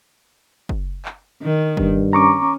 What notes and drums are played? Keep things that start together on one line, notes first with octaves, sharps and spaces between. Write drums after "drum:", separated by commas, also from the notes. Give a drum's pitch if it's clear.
drum: kick F#1
drum: clap
D#3
G2, drum: kick F#1
C#4 A#5 C#6 D6